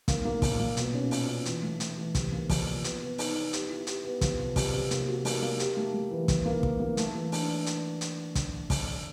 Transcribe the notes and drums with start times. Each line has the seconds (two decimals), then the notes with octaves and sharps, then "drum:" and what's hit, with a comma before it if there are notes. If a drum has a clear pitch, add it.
0.08 A#3, drum: kick, hi-hat
0.25 A#3
0.42 A#2, drum: kick, open hi-hat
0.59 A#2
0.77 B2, drum: hi-hat
0.94 C#4
1.11 F4, drum: open hi-hat
1.28 C#4
1.45 E3, drum: hi-hat
1.63 A3
1.80 A3, drum: hi-hat
1.98 E3
2.15 C3, drum: kick, hi-hat
2.32 A#3
2.49 F3, drum: kick, open hi-hat
2.67 F3
2.84 B3, drum: hi-hat
3.01 B3
3.18 D#4, drum: open hi-hat
3.35 B3
3.53 G4, drum: hi-hat
3.70 E4
3.87 G4, drum: hi-hat
4.05 B3
4.21 F3, drum: kick, hi-hat
4.39 C3
4.56 C3, drum: kick, open hi-hat
4.73 C3
4.91 A#3, drum: hi-hat
5.08 F#4
5.25 A#3, drum: open hi-hat
5.42 A#3
5.60 G4, drum: hi-hat
5.77 A3
5.94 A3
6.11 E3
6.28 A#3, drum: kick, hi-hat
6.45 A#3
6.63 E3, drum: kick
6.80 A#3
6.97 A3, drum: hi-hat
7.15 E3
7.32 D4, drum: open hi-hat
7.66 drum: hi-hat
8.01 drum: hi-hat
8.35 drum: kick, hi-hat
8.70 drum: kick, open hi-hat